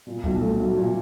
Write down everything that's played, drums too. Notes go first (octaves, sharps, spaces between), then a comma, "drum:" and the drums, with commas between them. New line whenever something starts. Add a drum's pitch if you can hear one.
A#2
B1, drum: kick C#2
A3
F#3
A#2